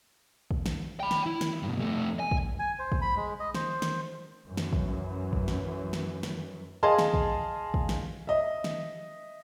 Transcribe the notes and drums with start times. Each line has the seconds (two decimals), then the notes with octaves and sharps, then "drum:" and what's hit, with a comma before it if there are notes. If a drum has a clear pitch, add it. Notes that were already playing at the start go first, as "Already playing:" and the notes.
0.51 drum: kick
0.66 drum: snare
1.00 G5 B5
1.11 drum: snare
1.26 E4
1.41 drum: snare
1.63 G2 B2
1.80 F2 A3
2.20 G#5
2.31 drum: kick
2.59 G#5
2.79 C5
2.92 drum: kick
3.02 B5
3.17 G#3
3.39 D#5
3.55 C5, drum: snare
3.82 drum: snare
4.46 F#2 E3
4.57 drum: snare
4.73 drum: kick
5.33 drum: kick
5.48 drum: snare
5.93 drum: snare
6.23 drum: snare
6.83 G#4 D#5 F5 A5 C6
6.99 drum: snare
7.14 drum: kick
7.74 drum: kick
7.89 drum: snare
8.27 D#5 E5
8.64 drum: snare